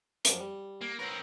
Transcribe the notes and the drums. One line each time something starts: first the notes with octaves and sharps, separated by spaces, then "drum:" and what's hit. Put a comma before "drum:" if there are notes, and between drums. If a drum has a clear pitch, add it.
F#2 F3 A#3, drum: hi-hat
G3
A#3
C4 A#4 B4 C#5